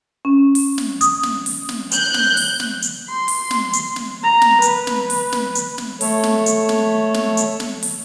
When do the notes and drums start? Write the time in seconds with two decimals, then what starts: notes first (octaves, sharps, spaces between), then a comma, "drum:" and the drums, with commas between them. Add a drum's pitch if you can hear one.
0.25 C#4
0.55 drum: open hi-hat
0.78 drum: snare
1.01 D#6, drum: hi-hat
1.23 drum: snare
1.46 drum: open hi-hat
1.69 drum: snare
1.91 F#6 G6, drum: hi-hat
2.14 drum: snare
2.37 drum: open hi-hat
2.60 drum: snare
2.82 drum: hi-hat
3.09 C6
3.28 drum: open hi-hat
3.51 drum: snare
3.73 drum: hi-hat
3.96 drum: snare
4.23 A#5
4.42 drum: snare
4.62 B4, drum: hi-hat
4.87 drum: snare
5.10 drum: open hi-hat
5.32 drum: snare
5.55 drum: hi-hat
5.78 drum: snare
6.01 A3 A4 C#5, drum: open hi-hat
6.23 drum: snare
6.46 drum: hi-hat
6.69 drum: snare
7.14 drum: snare
7.37 drum: hi-hat
7.60 drum: snare
7.83 drum: open hi-hat